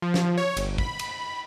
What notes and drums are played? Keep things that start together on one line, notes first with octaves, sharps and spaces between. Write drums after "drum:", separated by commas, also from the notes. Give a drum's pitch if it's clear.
F3
drum: snare
C#5
G1, drum: cymbal
B5, drum: kick
drum: cymbal